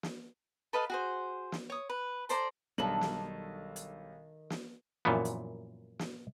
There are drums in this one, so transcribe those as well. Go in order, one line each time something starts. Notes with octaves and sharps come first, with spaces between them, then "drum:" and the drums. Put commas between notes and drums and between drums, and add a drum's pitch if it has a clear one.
drum: snare
A4 B4 D#5 F5
F#4 G#4 C5
drum: snare
C#5 D#6
B4
A4 C5 D5 A#5, drum: hi-hat
B1 D#3 G3 D4 A4 F#7
drum: snare
drum: hi-hat
drum: snare
F#2 A#2 E3 F3 B3
drum: hi-hat
drum: snare